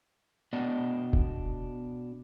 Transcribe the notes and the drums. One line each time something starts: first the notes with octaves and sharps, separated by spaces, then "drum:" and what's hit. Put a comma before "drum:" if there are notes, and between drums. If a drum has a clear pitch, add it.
B2 B3 D4 D5 D#5
drum: kick E1